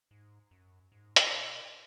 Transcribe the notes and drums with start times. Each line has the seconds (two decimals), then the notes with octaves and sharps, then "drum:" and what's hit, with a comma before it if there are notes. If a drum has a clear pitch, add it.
0.11 G#2
0.51 F#2
0.92 G#2
1.16 drum: hi-hat
1.32 B2